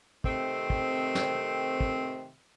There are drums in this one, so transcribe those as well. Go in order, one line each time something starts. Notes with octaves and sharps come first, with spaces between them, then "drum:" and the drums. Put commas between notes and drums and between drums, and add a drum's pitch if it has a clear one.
C3 D#3 A3 C4, drum: kick
drum: kick
drum: snare
drum: kick